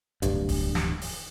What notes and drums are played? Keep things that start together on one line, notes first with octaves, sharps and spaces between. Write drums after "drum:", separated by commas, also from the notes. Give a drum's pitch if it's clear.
D1 G2, drum: kick, hi-hat
drum: kick, open hi-hat
drum: snare
drum: open hi-hat